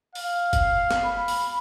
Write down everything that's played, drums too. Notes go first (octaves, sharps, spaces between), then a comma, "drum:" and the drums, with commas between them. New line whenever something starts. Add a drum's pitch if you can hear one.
F5, drum: open hi-hat
drum: kick, hi-hat
drum: snare
B5
drum: open hi-hat